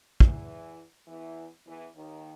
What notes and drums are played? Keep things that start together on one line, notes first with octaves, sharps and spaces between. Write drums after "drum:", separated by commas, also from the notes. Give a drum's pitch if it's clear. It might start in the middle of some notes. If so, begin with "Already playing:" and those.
E2 E3, drum: kick
E2 E3
E2 E3
D#2 D#3